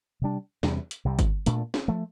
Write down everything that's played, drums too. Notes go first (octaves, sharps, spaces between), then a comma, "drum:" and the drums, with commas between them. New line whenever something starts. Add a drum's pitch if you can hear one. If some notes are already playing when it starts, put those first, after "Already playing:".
C3 G3 D4
E2 C3 G3, drum: snare
drum: hi-hat
C2 C3 G3
drum: kick G1, hi-hat
A#2 A3 D4, drum: hi-hat
drum: snare
F3 A3